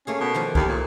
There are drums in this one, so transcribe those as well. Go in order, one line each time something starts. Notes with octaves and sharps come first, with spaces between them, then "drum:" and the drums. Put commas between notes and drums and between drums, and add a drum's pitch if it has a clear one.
A3 A#3 C#4 G#4
B2
D#3 F3 A#3
D#2 E3 A3, drum: kick C2
A#2